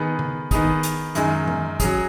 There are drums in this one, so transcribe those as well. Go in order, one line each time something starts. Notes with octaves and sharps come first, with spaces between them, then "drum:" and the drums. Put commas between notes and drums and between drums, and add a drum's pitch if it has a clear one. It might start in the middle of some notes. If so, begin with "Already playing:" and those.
Already playing: D#3 B3 G#4
drum: tom C#3
D#3 B3 D#4 G#4, drum: kick, hi-hat
drum: hi-hat
F#2 D#3 G#3, drum: hi-hat
drum: tom E3
F#3 C#4 G#4, drum: kick, hi-hat